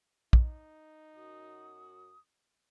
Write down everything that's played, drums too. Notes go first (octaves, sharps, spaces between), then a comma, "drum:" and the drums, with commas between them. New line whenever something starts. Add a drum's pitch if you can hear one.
D#4, drum: kick
F#2 F#4 D#6